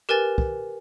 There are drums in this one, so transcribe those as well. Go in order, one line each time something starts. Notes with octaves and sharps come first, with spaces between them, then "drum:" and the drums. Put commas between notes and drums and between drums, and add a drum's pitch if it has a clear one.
G4 A#4 B4 G#5 A6
drum: kick